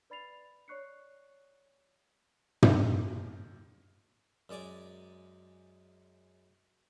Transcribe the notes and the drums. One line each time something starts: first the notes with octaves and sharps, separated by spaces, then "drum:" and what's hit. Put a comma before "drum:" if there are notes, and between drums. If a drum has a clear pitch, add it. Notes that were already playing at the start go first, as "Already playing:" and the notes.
B4 D5 B5 A6 C7 F7
C#5 D5 C#6 F#6 C7 C#7
drum: tom
D#2
F#2 G#3 D5 G#5 D6